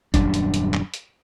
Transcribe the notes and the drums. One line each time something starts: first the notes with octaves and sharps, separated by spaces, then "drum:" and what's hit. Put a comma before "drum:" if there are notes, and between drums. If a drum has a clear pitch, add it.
D#1 F#2 G3 D4, drum: kick, hi-hat
drum: hi-hat
drum: hi-hat
drum: clap
drum: hi-hat